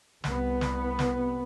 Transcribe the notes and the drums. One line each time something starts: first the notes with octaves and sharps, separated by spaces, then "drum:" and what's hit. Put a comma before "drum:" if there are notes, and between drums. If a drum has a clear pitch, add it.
C2 B3, drum: snare
drum: snare
drum: snare